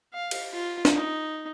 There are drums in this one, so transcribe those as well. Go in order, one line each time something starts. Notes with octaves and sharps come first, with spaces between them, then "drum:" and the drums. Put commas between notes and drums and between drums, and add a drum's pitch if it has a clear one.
F5
drum: cymbal
F4
drum: snare
D#4